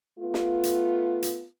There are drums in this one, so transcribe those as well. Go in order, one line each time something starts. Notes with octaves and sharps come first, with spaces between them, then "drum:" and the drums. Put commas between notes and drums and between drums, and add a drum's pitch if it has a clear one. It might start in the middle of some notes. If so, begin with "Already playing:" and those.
A3 B3 F4
drum: snare
drum: hi-hat
drum: hi-hat